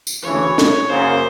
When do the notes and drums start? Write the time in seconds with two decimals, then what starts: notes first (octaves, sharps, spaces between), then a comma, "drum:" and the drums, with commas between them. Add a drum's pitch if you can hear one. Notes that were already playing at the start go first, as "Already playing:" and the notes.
0.07 drum: tambourine
0.23 D2 C#3 E3 A3 C#5
0.58 drum: snare
0.88 F#2 C#3 F#3 A#3 C5